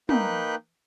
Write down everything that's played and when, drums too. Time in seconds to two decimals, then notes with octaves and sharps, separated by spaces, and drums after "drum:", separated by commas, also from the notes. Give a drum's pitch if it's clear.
0.09 A#3 D#4 B4 G5 F#6 G6, drum: tom